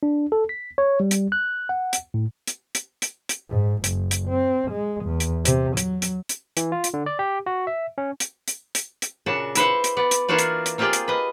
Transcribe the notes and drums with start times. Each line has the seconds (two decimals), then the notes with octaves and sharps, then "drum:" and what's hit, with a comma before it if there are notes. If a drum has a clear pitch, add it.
0.03 D4
0.32 A4
0.49 B6
0.78 C#5
1.00 G3
1.11 drum: hi-hat
1.32 F#6
1.69 F#5
1.93 drum: hi-hat
2.14 A2
2.47 drum: hi-hat
2.75 drum: hi-hat
3.02 drum: hi-hat
3.29 drum: hi-hat
3.50 G#2
3.84 F#1, drum: hi-hat
4.11 drum: hi-hat
4.29 C4
4.72 G#3
5.05 E2
5.20 drum: hi-hat
5.45 C3, drum: hi-hat
5.77 F#3, drum: hi-hat
6.02 drum: hi-hat
6.29 drum: hi-hat
6.57 E3, drum: hi-hat
6.72 F4
6.84 drum: hi-hat
6.94 D3
7.06 D5
7.19 G4
7.46 F#4
7.67 E5
7.98 C#4
8.20 drum: hi-hat
8.48 drum: hi-hat
8.75 drum: hi-hat
9.02 drum: hi-hat
9.26 A#2 C#3 D4 F#4 A5
9.55 E4 B4 C5 F#5, drum: hi-hat
9.84 drum: hi-hat
9.97 B3 D5
10.11 drum: hi-hat
10.28 E3 A#3 D4 F4 F#4 D5
10.39 drum: hi-hat
10.66 drum: hi-hat
10.78 A#3 C4 F4 G4 G#4 D5
10.93 drum: hi-hat
11.08 B4 D#5